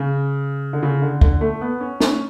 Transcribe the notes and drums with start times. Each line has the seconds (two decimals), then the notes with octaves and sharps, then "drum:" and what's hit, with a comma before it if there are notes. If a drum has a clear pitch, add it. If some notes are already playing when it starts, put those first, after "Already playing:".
Already playing: C#3
0.73 D3
0.83 C#3
1.02 D3
1.21 D3, drum: kick
1.41 A3
1.61 B3
1.81 C#4
2.00 C#4, drum: snare